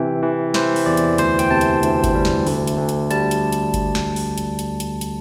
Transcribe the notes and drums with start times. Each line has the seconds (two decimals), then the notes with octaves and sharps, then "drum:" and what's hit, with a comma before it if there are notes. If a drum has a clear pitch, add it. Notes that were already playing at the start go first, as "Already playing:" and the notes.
Already playing: C3 E3 G5
0.22 E3
0.54 E3 C5, drum: snare
0.76 drum: open hi-hat
0.86 E2 D5
0.97 drum: hi-hat
1.18 D2 C5, drum: hi-hat
1.39 G5, drum: hi-hat
1.50 C3 A5
1.61 drum: hi-hat
1.83 D2, drum: hi-hat
2.04 drum: kick G1, hi-hat
2.15 G3
2.25 drum: snare
2.47 D2, drum: open hi-hat
2.67 drum: hi-hat
2.78 D2
2.89 drum: hi-hat
3.11 G3 A5, drum: hi-hat
3.31 drum: hi-hat
3.52 drum: hi-hat
3.74 drum: kick G1, hi-hat
3.95 drum: snare
4.16 drum: open hi-hat
4.38 drum: hi-hat
4.59 drum: hi-hat
4.80 drum: hi-hat
5.01 drum: hi-hat